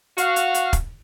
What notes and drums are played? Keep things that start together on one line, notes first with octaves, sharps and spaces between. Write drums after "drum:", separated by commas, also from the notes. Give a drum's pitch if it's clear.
F#4 F5, drum: hi-hat
drum: hi-hat
drum: hi-hat
drum: kick, hi-hat